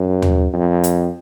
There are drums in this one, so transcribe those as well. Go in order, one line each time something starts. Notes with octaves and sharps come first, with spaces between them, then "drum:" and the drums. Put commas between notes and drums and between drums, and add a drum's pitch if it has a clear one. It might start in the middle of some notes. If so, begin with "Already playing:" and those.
Already playing: F#2
drum: tom D#2
F2
drum: hi-hat